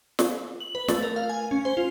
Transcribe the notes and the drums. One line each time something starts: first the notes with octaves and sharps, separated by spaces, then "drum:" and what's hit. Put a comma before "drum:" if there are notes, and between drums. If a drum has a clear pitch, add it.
drum: snare
F#7
B4
A3, drum: snare
A#4
F5
G#5
C#4
C5
F4